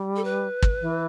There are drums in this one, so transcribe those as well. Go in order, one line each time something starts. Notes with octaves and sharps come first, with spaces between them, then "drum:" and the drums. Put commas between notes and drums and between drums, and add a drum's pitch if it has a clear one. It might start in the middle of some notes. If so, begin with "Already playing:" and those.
Already playing: G3
A4
B4
drum: kick
E3